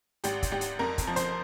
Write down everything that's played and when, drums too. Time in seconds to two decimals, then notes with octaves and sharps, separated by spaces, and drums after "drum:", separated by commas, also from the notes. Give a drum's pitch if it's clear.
0.24 G#1 G4, drum: hi-hat
0.43 drum: kick, hi-hat
0.52 G#1 G4
0.61 drum: hi-hat
0.79 F2 A#4
0.98 drum: kick, hi-hat
1.07 F3
1.16 C5, drum: hi-hat